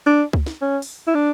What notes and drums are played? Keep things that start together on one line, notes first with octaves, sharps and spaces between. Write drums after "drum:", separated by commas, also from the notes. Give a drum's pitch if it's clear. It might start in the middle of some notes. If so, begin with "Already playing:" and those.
D4
drum: kick C#2
drum: snare
C#4
drum: open hi-hat
E4
D4